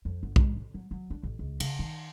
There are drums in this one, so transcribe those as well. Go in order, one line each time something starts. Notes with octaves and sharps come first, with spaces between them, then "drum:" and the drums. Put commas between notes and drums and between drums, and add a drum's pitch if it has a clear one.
F2
G1
G#3, drum: kick B1
A1
F#3
F#3
D4
A1
C#2
C#3, drum: cymbal
D#3